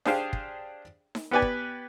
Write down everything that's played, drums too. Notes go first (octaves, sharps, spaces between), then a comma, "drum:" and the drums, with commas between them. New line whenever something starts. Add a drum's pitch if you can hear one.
D4 G4 G#4 C5 F5 G5, drum: snare D#4
drum: kick
drum: snare D#4
B3 G4 B4 D5 G#5
drum: kick